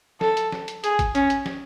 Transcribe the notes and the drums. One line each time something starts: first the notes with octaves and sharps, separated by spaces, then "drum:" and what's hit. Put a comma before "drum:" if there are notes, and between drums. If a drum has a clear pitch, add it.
A4, drum: snare
drum: hi-hat
drum: snare
drum: hi-hat
G#4, drum: hi-hat
drum: kick G#1, hi-hat
C#4, drum: hi-hat
drum: hi-hat
drum: snare